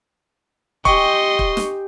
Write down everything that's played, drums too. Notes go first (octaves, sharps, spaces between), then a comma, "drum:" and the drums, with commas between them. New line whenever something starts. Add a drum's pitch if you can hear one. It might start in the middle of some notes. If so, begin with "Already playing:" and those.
G4 D#5 G5 G#5 C6 C#6, drum: kick
drum: kick
drum: snare